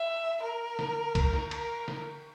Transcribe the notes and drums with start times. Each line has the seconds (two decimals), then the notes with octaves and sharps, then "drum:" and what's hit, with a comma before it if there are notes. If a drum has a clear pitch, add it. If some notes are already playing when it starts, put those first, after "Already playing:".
Already playing: E5
0.42 A#4
0.79 drum: snare
1.15 drum: kick B1, cymbal
1.33 drum: snare
1.51 A#4, drum: cymbal
1.88 drum: snare